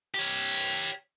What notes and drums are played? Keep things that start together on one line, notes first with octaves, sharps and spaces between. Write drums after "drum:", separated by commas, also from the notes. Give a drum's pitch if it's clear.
G4 C#5, drum: hi-hat
drum: hi-hat
drum: hi-hat
drum: hi-hat